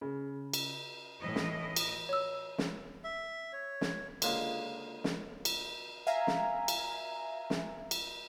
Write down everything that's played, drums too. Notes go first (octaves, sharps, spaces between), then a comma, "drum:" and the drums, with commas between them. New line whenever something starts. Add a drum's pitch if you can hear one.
C#3
drum: cymbal
A2 E3 E4 D#5
drum: snare
drum: cymbal
C#5 E6
drum: snare
E5
C#5
drum: snare
C#2 D3 G#3 A#3 F4 D#6, drum: cymbal
drum: snare
drum: cymbal
E5 F5 G#5 A#5
drum: snare
drum: cymbal
drum: snare
drum: cymbal